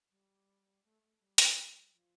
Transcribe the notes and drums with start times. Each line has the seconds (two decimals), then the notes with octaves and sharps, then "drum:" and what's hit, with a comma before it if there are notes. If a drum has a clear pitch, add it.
0.11 G3
0.84 A3
1.02 A3
1.20 G3
1.38 drum: hi-hat
1.93 F3